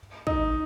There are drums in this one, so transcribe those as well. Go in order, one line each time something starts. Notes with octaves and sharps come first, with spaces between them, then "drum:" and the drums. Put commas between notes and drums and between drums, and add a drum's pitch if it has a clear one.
D#4, drum: kick